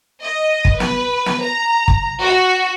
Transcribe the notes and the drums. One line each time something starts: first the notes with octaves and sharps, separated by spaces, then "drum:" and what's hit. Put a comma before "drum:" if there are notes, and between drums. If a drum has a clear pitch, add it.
D#5
drum: kick
B4, drum: snare
drum: snare
A#5
drum: kick
F#4